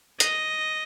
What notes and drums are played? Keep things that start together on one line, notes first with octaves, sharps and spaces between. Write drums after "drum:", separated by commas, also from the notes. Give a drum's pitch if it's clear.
D#5, drum: hi-hat